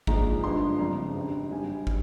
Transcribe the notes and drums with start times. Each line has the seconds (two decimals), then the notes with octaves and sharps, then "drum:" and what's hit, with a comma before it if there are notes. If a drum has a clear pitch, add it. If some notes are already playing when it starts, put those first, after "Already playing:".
0.07 A#1 G#2 F3 G#3 A#5, drum: kick
0.43 G1 G2 F3 G#3 C6
0.79 F2 C#3 F3 A#5
1.14 G#1 G2 G3
1.51 G#1 G2 G3 G#5
1.87 drum: kick